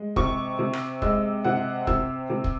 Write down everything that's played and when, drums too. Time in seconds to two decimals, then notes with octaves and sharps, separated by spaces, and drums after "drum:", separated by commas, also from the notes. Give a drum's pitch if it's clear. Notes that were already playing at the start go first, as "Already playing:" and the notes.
Already playing: G#3
0.16 C3 C#6, drum: kick
0.59 C3
0.73 drum: rim click
1.02 G#3 E6, drum: kick
1.44 C3 F#5
1.87 C3 E6, drum: kick
2.30 C3
2.44 drum: kick